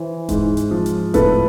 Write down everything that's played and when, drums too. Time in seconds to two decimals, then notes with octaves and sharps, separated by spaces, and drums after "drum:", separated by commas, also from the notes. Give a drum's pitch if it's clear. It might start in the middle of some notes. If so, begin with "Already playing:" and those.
Already playing: E3 C5
0.29 G#2, drum: kick D#1, hi-hat
0.57 drum: hi-hat
0.71 F3
0.86 drum: hi-hat
1.14 A2 A4 B4, drum: kick D#1, hi-hat